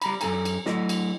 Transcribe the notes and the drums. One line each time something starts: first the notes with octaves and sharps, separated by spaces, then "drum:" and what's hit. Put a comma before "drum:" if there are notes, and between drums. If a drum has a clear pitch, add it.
G3 A#5 B5, drum: cymbal
F#2 B3 A4 G#5 A#5, drum: cymbal
drum: cymbal
F#3 A3 E4 D#5, drum: snare
drum: cymbal